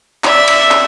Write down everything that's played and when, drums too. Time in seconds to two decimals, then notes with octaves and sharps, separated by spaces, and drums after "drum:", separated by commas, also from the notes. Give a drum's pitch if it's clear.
0.24 D5 E5, drum: clap
0.48 drum: cymbal
0.71 drum: clap